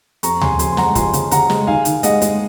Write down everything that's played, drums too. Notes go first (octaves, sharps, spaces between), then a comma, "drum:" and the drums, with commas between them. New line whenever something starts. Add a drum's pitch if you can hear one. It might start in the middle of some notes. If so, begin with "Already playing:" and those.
F2 A#5 C#6, drum: hi-hat
C#3 G#5 C6, drum: tom D2
F2 G#5 C6, drum: hi-hat
C6
G#3 F#5 A#5, drum: snare
F3 G#5 C6, drum: kick, hi-hat
C#3, drum: hi-hat
C#3 F#5 A#5, drum: hi-hat
G#3, drum: snare
D#3 F5 G#5
D#3, drum: hi-hat
G#3 D#5 F#5, drum: hi-hat
G#3, drum: hi-hat